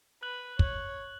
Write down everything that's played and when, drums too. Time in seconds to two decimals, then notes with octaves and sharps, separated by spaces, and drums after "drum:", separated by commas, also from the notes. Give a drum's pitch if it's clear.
0.23 B4 F#6 F#7
0.59 C#5, drum: kick